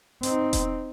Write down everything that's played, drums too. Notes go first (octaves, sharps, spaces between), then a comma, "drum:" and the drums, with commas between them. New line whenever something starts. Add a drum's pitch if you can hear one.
C4 D#4, drum: hi-hat
drum: kick E1, hi-hat